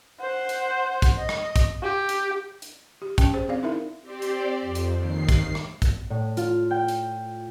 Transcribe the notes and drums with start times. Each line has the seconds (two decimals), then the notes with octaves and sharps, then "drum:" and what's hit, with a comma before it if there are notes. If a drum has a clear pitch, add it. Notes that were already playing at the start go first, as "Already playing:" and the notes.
0.20 C5 F#5
0.49 drum: hi-hat
1.02 drum: kick, hi-hat
1.18 D#5
1.29 drum: rim click
1.56 drum: kick, hi-hat
1.82 G4
2.09 drum: hi-hat
2.62 drum: hi-hat
3.02 G4
3.18 C#4 G5, drum: kick, hi-hat
3.34 G#4 C5
3.49 C4 D5 F5
3.63 D#4 E4 A#4 E5
4.01 C4 G4 C5 D5
4.22 drum: hi-hat
4.61 F2
4.75 drum: hi-hat
4.97 D#2 D#3 C7
5.29 drum: kick, hi-hat
5.55 drum: rim click
5.82 drum: kick, hi-hat
6.10 A2
6.37 F4, drum: hi-hat
6.71 G5
6.88 drum: hi-hat